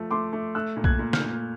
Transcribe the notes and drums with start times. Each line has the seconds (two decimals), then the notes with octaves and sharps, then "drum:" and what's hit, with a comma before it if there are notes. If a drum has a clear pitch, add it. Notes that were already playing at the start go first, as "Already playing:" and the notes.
Already playing: F3 A3
0.11 A3 C6 D6
0.33 A3
0.55 A3 E6 F#6
0.77 A#2
0.84 F#6 G#6, drum: kick B1
0.99 A#2
1.13 F6 G6, drum: snare
1.21 A#2